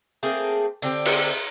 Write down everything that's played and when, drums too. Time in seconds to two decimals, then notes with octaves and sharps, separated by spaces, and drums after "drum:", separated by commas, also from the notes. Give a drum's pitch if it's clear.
0.23 A3 A#3 C4 G#4
0.82 D3 C4 G4
1.06 drum: cymbal